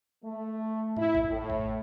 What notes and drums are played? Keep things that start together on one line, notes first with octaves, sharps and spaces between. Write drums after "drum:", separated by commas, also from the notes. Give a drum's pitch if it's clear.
A3
E4, drum: tom G#2
drum: kick G#1
A2
drum: kick G#1